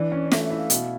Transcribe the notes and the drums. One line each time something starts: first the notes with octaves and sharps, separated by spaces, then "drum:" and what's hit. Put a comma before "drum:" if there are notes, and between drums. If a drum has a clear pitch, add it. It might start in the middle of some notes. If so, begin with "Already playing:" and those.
Already playing: E3 D4 D5
C#4
A3 E5, drum: snare
E5
E4
F5
B2, drum: hi-hat